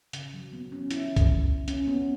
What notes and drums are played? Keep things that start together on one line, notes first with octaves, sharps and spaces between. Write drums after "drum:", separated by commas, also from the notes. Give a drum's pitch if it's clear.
C#3, drum: hi-hat
F#3
B3
C#4
E4, drum: hi-hat
drum: kick C2, hi-hat
C#4, drum: hi-hat
B3